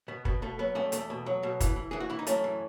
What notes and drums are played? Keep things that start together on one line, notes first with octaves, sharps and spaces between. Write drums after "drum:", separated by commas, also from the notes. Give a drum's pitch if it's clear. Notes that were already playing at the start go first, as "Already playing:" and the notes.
B2 B3
B2 B3, drum: kick
B2 A3
F#3 B3
E2 A3 C#4
E2 A3, drum: hi-hat
B2
F#3
B2
E3, drum: kick, hi-hat
E3
E3 G#4
F#4
E3 E4
D#4
F#2 A3 C#4, drum: hi-hat
E3